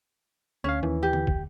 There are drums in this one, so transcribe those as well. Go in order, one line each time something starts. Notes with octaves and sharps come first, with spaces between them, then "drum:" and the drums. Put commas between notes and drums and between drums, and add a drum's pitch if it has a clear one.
D2 C#4 C#5 F5
D#2 E3
G4
drum: tom D3
drum: kick